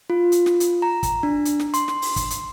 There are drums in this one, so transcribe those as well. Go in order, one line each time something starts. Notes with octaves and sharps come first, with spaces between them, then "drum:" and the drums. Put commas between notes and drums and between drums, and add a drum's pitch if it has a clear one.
F4
drum: hi-hat
drum: snare
drum: hi-hat
A#5
drum: kick, hi-hat
D4
drum: hi-hat
drum: snare
C6, drum: hi-hat
drum: snare
drum: open hi-hat
drum: kick, hi-hat
drum: hi-hat